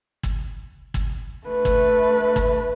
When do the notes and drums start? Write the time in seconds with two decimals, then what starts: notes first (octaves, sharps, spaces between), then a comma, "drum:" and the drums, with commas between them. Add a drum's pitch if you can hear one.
0.23 drum: kick
0.94 drum: kick
1.47 A3 B4
1.65 drum: kick
2.36 drum: kick